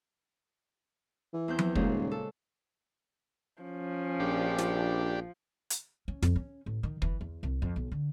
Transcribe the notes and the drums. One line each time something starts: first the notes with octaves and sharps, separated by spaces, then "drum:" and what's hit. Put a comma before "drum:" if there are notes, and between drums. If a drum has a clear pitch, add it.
E3
E2 C4 G6
drum: tom F3
D#1 A#2 C#3 G#3, drum: kick
A4
F3 C#4
A#1 D4 G4
drum: snare
drum: hi-hat
C#4
F2, drum: snare
C#4
A1
D#3
E3, drum: kick
E2
C2
F2
B1
D3